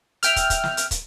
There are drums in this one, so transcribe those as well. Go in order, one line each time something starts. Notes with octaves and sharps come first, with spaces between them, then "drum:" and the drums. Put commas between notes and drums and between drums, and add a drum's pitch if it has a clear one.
E5 G5 F6, drum: hi-hat
drum: kick, hi-hat
drum: kick, hi-hat
drum: snare
drum: hi-hat
drum: kick, hi-hat